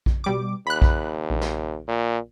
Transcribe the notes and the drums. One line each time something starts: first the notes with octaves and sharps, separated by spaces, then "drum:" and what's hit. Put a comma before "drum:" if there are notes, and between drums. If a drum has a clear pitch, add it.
drum: kick A#1
B2 G3 D6
D#2 B5 F#6
drum: kick A#1
A#1
drum: snare
A#2